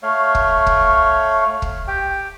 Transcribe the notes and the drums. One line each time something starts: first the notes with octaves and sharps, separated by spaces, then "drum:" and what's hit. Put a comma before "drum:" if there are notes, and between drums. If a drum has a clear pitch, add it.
A3 C#5 F5
drum: kick
drum: kick
drum: kick
G4 G5